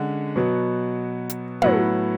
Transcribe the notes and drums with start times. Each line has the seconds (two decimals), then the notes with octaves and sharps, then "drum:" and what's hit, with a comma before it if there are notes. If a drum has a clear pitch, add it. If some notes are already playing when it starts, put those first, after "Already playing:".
Already playing: D3 G#3 C#4 F#5
0.36 B2 F#3 B3
1.29 drum: hi-hat
1.62 A2 F#3 B3 F#5, drum: tom